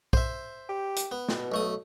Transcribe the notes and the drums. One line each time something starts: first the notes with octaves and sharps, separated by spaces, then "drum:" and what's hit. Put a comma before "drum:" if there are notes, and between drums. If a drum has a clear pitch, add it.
C5 E5, drum: kick
G4
drum: hi-hat
B3
B2, drum: snare
B1 A3 D#6